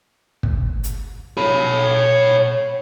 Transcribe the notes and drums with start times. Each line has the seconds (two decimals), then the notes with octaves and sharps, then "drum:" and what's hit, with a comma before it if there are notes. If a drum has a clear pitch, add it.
0.43 drum: kick
0.84 drum: hi-hat
1.37 C#5 B5